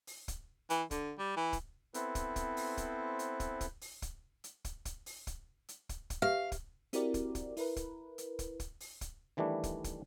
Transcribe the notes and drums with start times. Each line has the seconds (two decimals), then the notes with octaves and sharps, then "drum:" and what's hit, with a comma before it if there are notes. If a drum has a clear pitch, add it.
0.07 drum: open hi-hat
0.28 drum: kick, hi-hat
0.70 E3, drum: hi-hat
0.91 D3, drum: kick, hi-hat
1.18 G3
1.37 E3
1.53 drum: kick, hi-hat
1.94 B3 C4 E4 A4 B4 C5, drum: hi-hat
2.15 drum: kick, hi-hat
2.36 drum: kick, hi-hat
2.57 drum: open hi-hat
2.77 drum: kick, hi-hat
3.19 drum: hi-hat
3.40 drum: kick, hi-hat
3.61 drum: kick, hi-hat
3.81 drum: open hi-hat
4.02 drum: kick, hi-hat
4.44 drum: hi-hat
4.65 drum: kick, hi-hat
4.85 drum: kick, hi-hat
5.06 drum: open hi-hat
5.27 drum: kick, hi-hat
5.69 drum: hi-hat
5.89 drum: kick, hi-hat
6.10 drum: kick, hi-hat
6.22 G4 B4 E5 F5
6.52 drum: kick, hi-hat
6.93 C4 E4 F#4 G4 A#4 D5, drum: hi-hat
7.14 drum: kick, hi-hat
7.35 drum: kick, hi-hat
7.57 E4 A#4 B4, drum: open hi-hat
7.76 drum: kick, hi-hat
8.18 drum: hi-hat
8.39 drum: kick, hi-hat
8.60 drum: kick, hi-hat
8.80 drum: open hi-hat
9.01 drum: kick, hi-hat
9.37 D#3 E3 G3 A3 D4
9.64 drum: kick, hi-hat
9.84 drum: kick, hi-hat